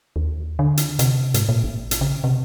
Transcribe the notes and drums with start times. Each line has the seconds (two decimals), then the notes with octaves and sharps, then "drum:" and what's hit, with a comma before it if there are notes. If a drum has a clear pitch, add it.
0.16 D#2
0.59 D3
0.77 drum: hi-hat
0.99 C3, drum: hi-hat
1.34 G#2, drum: hi-hat
1.49 A#2
1.64 A1
1.91 drum: hi-hat
2.01 C#3
2.24 C3